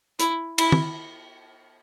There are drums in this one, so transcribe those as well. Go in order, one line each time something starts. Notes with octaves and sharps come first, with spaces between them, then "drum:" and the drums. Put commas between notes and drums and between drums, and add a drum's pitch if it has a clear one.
E4, drum: hi-hat
E4, drum: cymbal
drum: tom